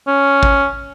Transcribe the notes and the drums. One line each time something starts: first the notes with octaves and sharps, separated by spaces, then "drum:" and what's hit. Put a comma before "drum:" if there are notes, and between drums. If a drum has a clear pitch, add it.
C#4
drum: kick